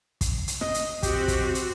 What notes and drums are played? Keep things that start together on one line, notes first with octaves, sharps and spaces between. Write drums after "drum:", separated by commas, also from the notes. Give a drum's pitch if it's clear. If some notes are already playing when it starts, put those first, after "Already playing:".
drum: kick, hi-hat
drum: hi-hat
D#5, drum: rim click
drum: hi-hat
C4 F#4 G4, drum: kick, hi-hat
drum: kick, hi-hat
drum: hi-hat